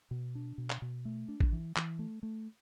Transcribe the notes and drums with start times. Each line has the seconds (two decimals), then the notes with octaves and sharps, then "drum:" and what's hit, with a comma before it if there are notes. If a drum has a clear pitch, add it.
0.11 B2
0.35 D4
0.58 B2
0.70 drum: clap
0.82 B2
1.05 A3
1.28 D4
1.40 drum: kick
1.52 E3
1.76 E3, drum: clap
1.99 A3
2.23 A3